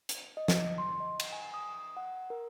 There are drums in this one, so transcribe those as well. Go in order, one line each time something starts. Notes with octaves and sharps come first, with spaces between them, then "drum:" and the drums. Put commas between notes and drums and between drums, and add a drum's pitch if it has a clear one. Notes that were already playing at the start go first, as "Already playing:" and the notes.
drum: hi-hat
D#5
drum: snare
C6
D#5
drum: cymbal
G#5
D#6
F#5
A#4